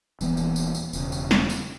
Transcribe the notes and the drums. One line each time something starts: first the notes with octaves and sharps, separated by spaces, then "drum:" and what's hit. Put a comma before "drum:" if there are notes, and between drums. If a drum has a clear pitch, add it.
D#1 E3 B3, drum: tambourine
drum: tambourine
drum: tambourine
drum: tambourine
E1 C#3, drum: tambourine
drum: tambourine
drum: snare
drum: tambourine